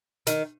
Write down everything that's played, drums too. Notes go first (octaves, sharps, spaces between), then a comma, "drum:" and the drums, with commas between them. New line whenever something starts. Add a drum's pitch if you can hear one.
D#3, drum: hi-hat